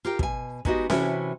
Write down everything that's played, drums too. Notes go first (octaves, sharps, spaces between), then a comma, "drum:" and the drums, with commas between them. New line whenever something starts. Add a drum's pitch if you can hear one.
F4 G4 A#4 G5
B2 G#5, drum: kick
G#3 B3 D#4 F#4 G4 D#5, drum: kick
C3 E3 C#4 E4 F#4 A4, drum: snare C#4